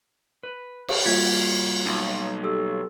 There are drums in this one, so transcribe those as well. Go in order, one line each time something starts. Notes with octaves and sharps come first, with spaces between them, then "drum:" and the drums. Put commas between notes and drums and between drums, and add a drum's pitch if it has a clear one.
B4
drum: cymbal
G3 A#3 F4 F#4 G#6 B6
B1
G4 A4 E6